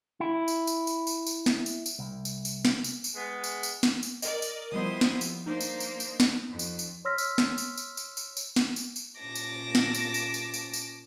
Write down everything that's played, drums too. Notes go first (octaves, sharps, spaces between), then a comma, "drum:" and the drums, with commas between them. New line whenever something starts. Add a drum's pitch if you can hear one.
E4
drum: tambourine
drum: tambourine
drum: tambourine
drum: tambourine
drum: tambourine
drum: snare
drum: tambourine
drum: tambourine
C2
drum: tambourine
drum: tambourine
drum: snare
drum: tambourine
drum: tambourine
G#3 B3
drum: tambourine
drum: tambourine
drum: snare
drum: tambourine
A#4 D5 D#5, drum: tambourine
drum: tambourine
F3 G3 B3 E4 C5 D#6
drum: snare
drum: tambourine
A#3 D4 D#4 C5
drum: tambourine
drum: tambourine
drum: tambourine
drum: snare
F2
drum: tambourine
drum: tambourine
C#5 C6 E6 F6 A#6 B6
drum: tambourine
drum: snare
drum: tambourine
drum: tambourine
drum: tambourine
drum: tambourine
drum: tambourine
drum: snare
drum: tambourine
drum: tambourine
A#2 C#4 A5 D6 A#6
drum: tambourine
drum: snare
drum: tambourine
drum: tambourine
drum: tambourine
drum: tambourine
drum: tambourine